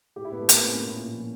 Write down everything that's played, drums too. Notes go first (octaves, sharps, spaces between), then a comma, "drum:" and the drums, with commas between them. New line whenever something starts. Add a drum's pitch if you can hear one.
A2 G4
E4
A2 B3
A3
A2 A#3, drum: hi-hat
B3
A2 C4
C#4
A#2
A#2
F3